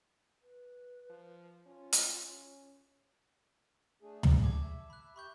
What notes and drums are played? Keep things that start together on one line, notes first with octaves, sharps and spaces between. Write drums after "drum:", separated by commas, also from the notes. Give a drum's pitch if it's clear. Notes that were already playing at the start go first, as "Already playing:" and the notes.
B4
F3
C#4 F4
drum: hi-hat
C#4
A3 D4 G#4
drum: tom
A5 D6 G#6
E5
B5 F#6
G4 E5 B5 C#6 G6